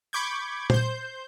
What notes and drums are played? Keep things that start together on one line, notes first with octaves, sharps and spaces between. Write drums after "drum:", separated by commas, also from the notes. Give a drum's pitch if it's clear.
B5 C#6 D6 G6 G#6
C5 G6, drum: tom A#2